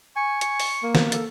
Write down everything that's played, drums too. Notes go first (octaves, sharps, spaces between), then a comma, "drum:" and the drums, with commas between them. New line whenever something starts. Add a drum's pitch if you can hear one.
G#5 C#6
C#6, drum: hi-hat
drum: open hi-hat
A#3
drum: snare
A4, drum: hi-hat